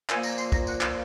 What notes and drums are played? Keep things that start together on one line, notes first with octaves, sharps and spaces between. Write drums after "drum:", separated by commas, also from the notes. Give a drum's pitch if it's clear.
A#2 F3 A#3 G#5, drum: clap
A#5, drum: tambourine
C6, drum: tambourine
A#5, drum: kick, tambourine
F#5, drum: tambourine
F5, drum: clap